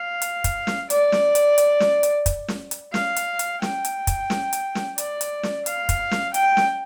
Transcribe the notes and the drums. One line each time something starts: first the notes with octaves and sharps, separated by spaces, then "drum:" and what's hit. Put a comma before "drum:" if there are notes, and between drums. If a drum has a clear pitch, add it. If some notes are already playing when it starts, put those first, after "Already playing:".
Already playing: F5
drum: hi-hat
drum: kick, hi-hat
drum: snare
D5, drum: hi-hat
drum: snare
drum: hi-hat
drum: hi-hat
drum: snare
drum: hi-hat
drum: kick, hi-hat
drum: snare
drum: hi-hat
F5, drum: snare
drum: hi-hat
drum: hi-hat
G5, drum: snare
drum: hi-hat
drum: kick, hi-hat
drum: snare
drum: hi-hat
drum: snare
D5, drum: hi-hat
drum: hi-hat
drum: snare
F5, drum: hi-hat
drum: kick, hi-hat
drum: snare
G5, drum: hi-hat
drum: snare